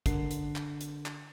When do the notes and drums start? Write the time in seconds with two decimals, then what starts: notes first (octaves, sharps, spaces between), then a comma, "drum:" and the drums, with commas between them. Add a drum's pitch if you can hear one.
0.06 D3 A#4 C7, drum: kick, hi-hat
0.31 drum: hi-hat
0.56 drum: clap
0.81 drum: hi-hat
1.06 drum: clap